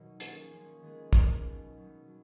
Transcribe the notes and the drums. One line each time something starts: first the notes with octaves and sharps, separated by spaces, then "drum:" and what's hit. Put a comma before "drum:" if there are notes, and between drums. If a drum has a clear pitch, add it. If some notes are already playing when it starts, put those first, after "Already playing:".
Already playing: B2 D#3 F#3 D#4
F3 A#3 C#4 G#4, drum: hi-hat
F3 A#3 C#4 G#4
D#3 G#3 B3 F4 G#4
D#3 G#3 B3 F4 G#4, drum: kick
B2 F#3 B3 D#4
B2 F#3 B3 D#4
F#3